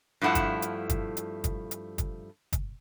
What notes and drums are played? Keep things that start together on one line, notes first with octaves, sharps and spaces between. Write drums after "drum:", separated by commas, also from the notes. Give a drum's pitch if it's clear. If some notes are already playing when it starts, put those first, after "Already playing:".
G2 F3 A3 E4 F#5 A5
drum: kick, hi-hat
drum: hi-hat
drum: kick, hi-hat
drum: hi-hat
drum: kick, hi-hat
drum: hi-hat
drum: kick, hi-hat
drum: kick, hi-hat